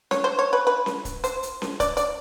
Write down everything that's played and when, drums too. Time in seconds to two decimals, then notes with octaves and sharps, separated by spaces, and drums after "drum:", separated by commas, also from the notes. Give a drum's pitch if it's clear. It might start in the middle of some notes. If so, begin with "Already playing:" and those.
0.11 C#5, drum: snare C#4
0.24 C5
0.39 C#5
0.53 B4
0.67 B4
0.86 drum: snare C#4
1.05 drum: kick C#1, hi-hat
1.24 C5, drum: hi-hat
1.43 drum: hi-hat
1.62 drum: snare C#4
1.80 D5, drum: kick C#1, hi-hat
1.97 D5, drum: hi-hat